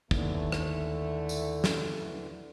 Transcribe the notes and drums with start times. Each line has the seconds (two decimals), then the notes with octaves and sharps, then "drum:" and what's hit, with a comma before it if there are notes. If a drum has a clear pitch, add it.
0.11 D#2 D3 E3 A3, drum: kick
0.52 drum: rim click
1.29 drum: tambourine
1.64 drum: snare